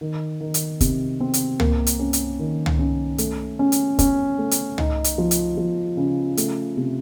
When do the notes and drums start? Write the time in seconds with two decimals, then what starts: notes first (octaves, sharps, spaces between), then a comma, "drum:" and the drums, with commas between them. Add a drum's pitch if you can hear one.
0.01 D#3
0.41 D#3
0.54 drum: hi-hat
0.81 C3, drum: kick, hi-hat
1.20 C4
1.34 drum: hi-hat
1.60 A#3, drum: tom
1.87 drum: hi-hat
1.99 C#4
2.13 drum: hi-hat
2.39 D#3
2.66 drum: tom
2.79 C#4
3.18 A3, drum: hi-hat
3.59 C#4
3.72 drum: hi-hat
3.99 C#4, drum: kick, hi-hat
4.38 A3
4.51 drum: hi-hat
4.78 D#4, drum: tom
5.04 drum: hi-hat
5.18 F3
5.31 drum: hi-hat
5.57 F3
5.97 C#3
6.37 A3, drum: hi-hat
6.77 C3